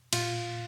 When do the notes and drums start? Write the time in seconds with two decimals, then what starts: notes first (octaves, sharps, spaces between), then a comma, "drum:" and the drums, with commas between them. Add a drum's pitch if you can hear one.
0.13 A#2 F4, drum: cymbal